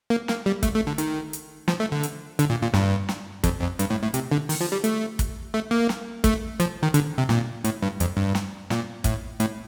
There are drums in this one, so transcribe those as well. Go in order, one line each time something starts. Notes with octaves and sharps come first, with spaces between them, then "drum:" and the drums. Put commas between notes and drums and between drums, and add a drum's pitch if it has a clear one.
A#3
A#3, drum: snare
G3
A3, drum: kick, hi-hat
A3
D3
D#3, drum: hi-hat
drum: hi-hat
F3, drum: snare
A3
D3
drum: hi-hat
D3, drum: hi-hat
A#2
A#2
G2, drum: snare
drum: snare
F2, drum: kick, hi-hat
F2
G2, drum: hi-hat
A2
A2
C3, drum: hi-hat
D3
D#3, drum: open hi-hat
F3
G3
A3, drum: hi-hat
drum: kick, hi-hat
A3
A#3
drum: snare
A3, drum: kick, hi-hat
F3, drum: hi-hat
D#3
D3, drum: hi-hat
C3
A#2, drum: snare
A2, drum: hi-hat
G2
F2, drum: hi-hat
G2
drum: snare
A#2, drum: snare
A2, drum: kick, hi-hat
A2, drum: hi-hat